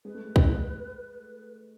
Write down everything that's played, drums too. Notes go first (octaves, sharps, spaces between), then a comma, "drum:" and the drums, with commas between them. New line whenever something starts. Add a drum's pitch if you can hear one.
G#3 B4
A3
G#3
A3, drum: kick